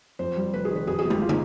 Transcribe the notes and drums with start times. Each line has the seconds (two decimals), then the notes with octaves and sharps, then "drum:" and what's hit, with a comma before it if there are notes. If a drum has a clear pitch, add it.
0.19 F2 C5
0.36 G3
0.54 F1 B4
0.65 G#4
0.71 D#3
0.76 B4
0.87 F2 G#4
0.99 G#4
1.04 G1
1.10 G4, drum: tom
1.22 F4
1.29 D#4, drum: tom